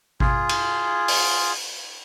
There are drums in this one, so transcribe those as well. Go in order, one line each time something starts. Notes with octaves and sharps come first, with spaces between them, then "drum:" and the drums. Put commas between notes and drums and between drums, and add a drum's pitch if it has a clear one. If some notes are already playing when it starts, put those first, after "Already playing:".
F4 G#4, drum: kick G#1
drum: cymbal
drum: open hi-hat